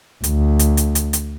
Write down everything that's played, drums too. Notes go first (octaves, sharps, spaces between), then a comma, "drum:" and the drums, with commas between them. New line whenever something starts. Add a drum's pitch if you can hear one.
D2, drum: hi-hat
drum: hi-hat
drum: hi-hat
drum: hi-hat
drum: hi-hat